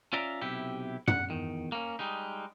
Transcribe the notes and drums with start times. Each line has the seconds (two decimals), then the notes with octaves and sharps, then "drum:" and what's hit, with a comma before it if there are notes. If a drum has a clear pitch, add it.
0.13 C#4 F4 D5 E5 A#5
0.41 B1 C3 E4 G4
1.08 F#5, drum: tom
1.30 E2 D#3
1.72 A#3 C#4
1.99 G3 G#3 D#4